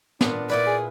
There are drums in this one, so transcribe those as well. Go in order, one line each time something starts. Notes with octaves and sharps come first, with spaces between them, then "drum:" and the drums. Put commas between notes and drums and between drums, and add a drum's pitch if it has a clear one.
A#2 B3 D4, drum: snare
A#2 E4 B4 D5
G#4